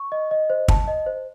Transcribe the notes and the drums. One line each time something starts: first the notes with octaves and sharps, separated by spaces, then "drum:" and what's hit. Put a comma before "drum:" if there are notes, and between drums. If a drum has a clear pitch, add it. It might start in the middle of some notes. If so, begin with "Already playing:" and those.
Already playing: C#6
D#5
D#5
C5
A5, drum: kick
D#5
C5